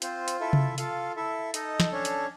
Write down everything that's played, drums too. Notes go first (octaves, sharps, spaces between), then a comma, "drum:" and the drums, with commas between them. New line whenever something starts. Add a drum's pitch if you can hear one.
C4 F4 C5, drum: hi-hat
drum: hi-hat
E4 A4 E5
drum: tom C3
F4 A4 F5, drum: hi-hat
E4 A4 E5
D#4 A4 D#5, drum: hi-hat
drum: snare
C#4 D4 C#5
drum: hi-hat